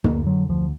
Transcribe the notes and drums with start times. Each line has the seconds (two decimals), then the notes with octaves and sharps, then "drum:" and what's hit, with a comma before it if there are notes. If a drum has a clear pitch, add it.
0.04 D2 A#3, drum: tom
0.27 D3 F#3
0.49 D2 F3